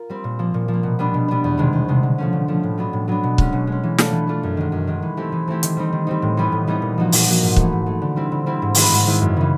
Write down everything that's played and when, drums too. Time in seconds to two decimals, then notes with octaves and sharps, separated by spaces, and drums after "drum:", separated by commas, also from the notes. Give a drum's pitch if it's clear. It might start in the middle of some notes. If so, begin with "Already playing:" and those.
Already playing: F4 A#4
0.09 G3 C4
0.24 A#2
0.39 F3 A#3
0.54 A#2
0.68 F3
0.73 A#3
0.83 B2
0.99 G3 B3 D4
1.14 B2
1.28 G3 B3 D4
1.44 E2
1.58 C3 D#3 G#3
1.73 E2
1.88 C3 D#3 G#3
2.03 D3
2.18 F3 A3 C#4
2.33 D3
2.48 F3 A3 C#4
2.63 A2
2.78 F#3 B3 D4
2.93 A2
3.08 F#3 B3 D4
3.23 B2
3.38 G#3 C#4, drum: kick C#1
3.53 B2
3.67 G#3 C#4
3.83 E3
3.98 A3 D4 F4 A4, drum: snare
4.12 E3
4.27 A3 D4 F4 A4
4.43 F#2
4.57 D#3 G#3
4.72 F#2
4.87 D#3 G#3
5.02 E3
5.17 A3 C4 E4 G4
5.32 E3
5.47 A3 C4 E4 G4
5.63 D#3, drum: hi-hat
5.77 G3 C4 D#4
5.92 D#3
6.07 G3 C4 D#4
6.22 A2
6.37 E3 G3 B3 D#4
6.52 A2
6.67 E3 G3 B3 D#4
6.82 A#2
6.98 F3 A#3 D#4 F#4
7.12 A#2, drum: open hi-hat
7.26 F3 A#3 D#4 F#4
7.42 G#2
7.56 E3 A3, drum: kick C#1
7.72 G#2
7.86 E3 A3
8.02 D3
8.16 G3 C4 E4
8.32 D3
8.46 G3 C4 E4
8.62 G#2
8.75 D#3 G#3 B3 E4, drum: open hi-hat
8.91 G#2
9.06 D#3 G#3 B3 E4
9.21 F#2
9.37 C#3 E3